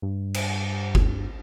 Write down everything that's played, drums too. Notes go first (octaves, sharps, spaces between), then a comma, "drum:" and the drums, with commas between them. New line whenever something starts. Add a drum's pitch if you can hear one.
G2
drum: cymbal
drum: kick F#1